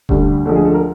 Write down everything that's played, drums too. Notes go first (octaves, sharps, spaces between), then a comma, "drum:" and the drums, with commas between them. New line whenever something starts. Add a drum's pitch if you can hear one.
D2 D3 G3, drum: kick D#1
D2 D3 F3 G#3 A4
G#4
A4
A#4